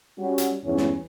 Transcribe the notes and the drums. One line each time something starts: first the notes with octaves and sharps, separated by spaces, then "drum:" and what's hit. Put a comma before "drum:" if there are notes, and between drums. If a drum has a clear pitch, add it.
G3 C#4 F#4
drum: hi-hat
E2 G2 E3 C#4
drum: snare